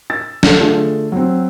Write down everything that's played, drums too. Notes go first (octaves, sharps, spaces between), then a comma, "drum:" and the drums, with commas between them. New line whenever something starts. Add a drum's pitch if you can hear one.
E6 A6
D4 A4, drum: snare
D3 A3 F4 G#4
F#3 C4